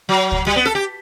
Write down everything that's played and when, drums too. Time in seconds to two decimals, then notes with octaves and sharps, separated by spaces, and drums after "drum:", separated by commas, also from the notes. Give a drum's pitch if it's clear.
0.09 F#3
0.32 drum: kick C#2
0.47 G3
0.56 B3
0.66 A4, drum: rim click
0.75 G4